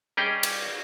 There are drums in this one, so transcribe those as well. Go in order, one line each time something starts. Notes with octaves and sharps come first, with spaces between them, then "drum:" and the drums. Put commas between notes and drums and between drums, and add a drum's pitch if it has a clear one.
G3 C#4 G4 G#4 D#5 G5
drum: cymbal